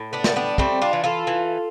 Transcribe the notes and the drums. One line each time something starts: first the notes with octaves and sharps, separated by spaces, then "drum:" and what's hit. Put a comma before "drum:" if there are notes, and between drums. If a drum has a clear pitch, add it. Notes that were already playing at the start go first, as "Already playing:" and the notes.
Already playing: A2
B3 D4
G3, drum: snare
B3 D4
G3 A3 C4, drum: kick
D4 F4
E3
F4 A4
E3